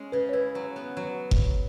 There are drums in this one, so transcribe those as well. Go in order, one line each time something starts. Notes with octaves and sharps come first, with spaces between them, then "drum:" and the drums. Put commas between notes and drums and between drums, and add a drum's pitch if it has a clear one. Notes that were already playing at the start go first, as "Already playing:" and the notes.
Already playing: G#3 C#4
C#3 B4
C#5
E4 B4
F#3
B3
F#3
drum: kick F1